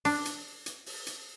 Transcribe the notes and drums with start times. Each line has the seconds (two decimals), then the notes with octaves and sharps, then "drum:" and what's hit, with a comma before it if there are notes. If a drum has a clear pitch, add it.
0.05 D4, drum: open hi-hat
0.25 drum: hi-hat
0.66 drum: hi-hat
0.86 drum: open hi-hat
1.07 drum: hi-hat